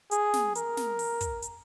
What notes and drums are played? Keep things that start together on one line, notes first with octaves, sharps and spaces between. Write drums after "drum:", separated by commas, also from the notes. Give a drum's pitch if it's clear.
G#4, drum: hi-hat
drum: snare
A#4, drum: hi-hat
drum: snare
drum: open hi-hat
drum: kick, hi-hat
drum: hi-hat